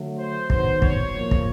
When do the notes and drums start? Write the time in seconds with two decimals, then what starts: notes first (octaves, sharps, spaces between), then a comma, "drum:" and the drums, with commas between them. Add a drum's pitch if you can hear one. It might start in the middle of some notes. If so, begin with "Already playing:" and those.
Already playing: D3 F#3 A3
0.18 C5
0.50 D#3 F#3 B3 C5, drum: kick
0.82 C#5, drum: kick
1.14 A#2 F3 A#3
1.31 drum: kick